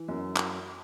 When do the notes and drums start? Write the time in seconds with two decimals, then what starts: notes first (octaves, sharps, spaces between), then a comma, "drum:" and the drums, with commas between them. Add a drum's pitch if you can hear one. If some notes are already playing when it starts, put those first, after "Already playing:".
Already playing: E3
0.08 F#2
0.36 drum: clap